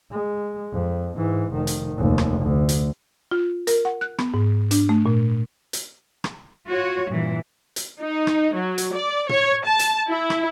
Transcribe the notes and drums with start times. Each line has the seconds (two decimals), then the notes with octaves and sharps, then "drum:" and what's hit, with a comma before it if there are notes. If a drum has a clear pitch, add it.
0.12 G#3
0.73 F2
1.17 G#2 E3
1.53 F1 D#3
1.67 drum: hi-hat
1.98 F1 D#2
2.18 drum: rim click
2.41 D2
2.69 drum: hi-hat
3.31 F4
3.67 A#4, drum: hi-hat
3.85 F#5
4.01 F#6
4.19 B3, drum: rim click
4.34 G#2
4.71 D4, drum: hi-hat
4.89 A3
5.06 A#2
5.73 drum: hi-hat
6.24 drum: rim click
6.67 F4 F#4 C#5
7.10 G2 A#2 E3
7.76 drum: hi-hat
8.02 D#4
8.27 drum: rim click
8.54 F#3
8.78 drum: hi-hat
8.94 D5
9.29 C#5, drum: tom
9.65 A5
9.79 drum: hi-hat
10.09 E4
10.30 drum: rim click